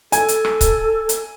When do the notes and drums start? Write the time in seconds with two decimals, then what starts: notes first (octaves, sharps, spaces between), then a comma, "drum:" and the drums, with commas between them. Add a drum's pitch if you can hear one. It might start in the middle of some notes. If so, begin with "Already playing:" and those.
0.12 A4 G#5, drum: hi-hat
0.28 drum: hi-hat
0.45 drum: rim click
0.61 drum: kick C#1, hi-hat
1.09 drum: hi-hat